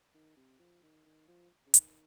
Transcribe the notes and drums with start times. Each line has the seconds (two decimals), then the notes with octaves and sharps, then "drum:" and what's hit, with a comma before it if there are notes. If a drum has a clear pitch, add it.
0.14 D#3
0.37 C3
0.59 F3
0.83 D#3
1.06 D#3
1.28 F3
1.66 C#3
1.74 D#3, drum: hi-hat